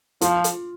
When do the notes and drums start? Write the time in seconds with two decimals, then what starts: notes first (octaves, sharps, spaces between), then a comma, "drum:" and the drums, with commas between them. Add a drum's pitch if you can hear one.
0.21 F3 F4, drum: hi-hat
0.44 drum: hi-hat